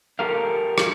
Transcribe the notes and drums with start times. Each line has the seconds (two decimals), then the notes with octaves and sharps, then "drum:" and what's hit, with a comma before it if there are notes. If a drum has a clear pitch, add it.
0.19 G4 A4 A#4 F5
0.78 drum: rim click